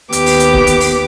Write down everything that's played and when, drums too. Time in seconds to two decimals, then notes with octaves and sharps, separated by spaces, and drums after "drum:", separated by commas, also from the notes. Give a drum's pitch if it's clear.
0.12 D#2 B3 G4 D6, drum: hi-hat
0.26 drum: open hi-hat
0.40 drum: hi-hat
0.53 drum: kick
0.67 drum: hi-hat
0.80 drum: open hi-hat